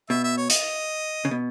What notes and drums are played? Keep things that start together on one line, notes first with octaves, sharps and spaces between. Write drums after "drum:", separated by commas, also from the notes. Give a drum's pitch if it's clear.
B2 E5
E5
C#5
D#5, drum: hi-hat
C#3
B2